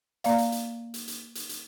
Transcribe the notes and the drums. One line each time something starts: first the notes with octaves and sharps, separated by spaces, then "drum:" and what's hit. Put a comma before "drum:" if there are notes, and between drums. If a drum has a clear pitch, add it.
A#3 D5 F5, drum: hi-hat
drum: hi-hat
drum: hi-hat
drum: hi-hat
drum: hi-hat
drum: hi-hat
drum: hi-hat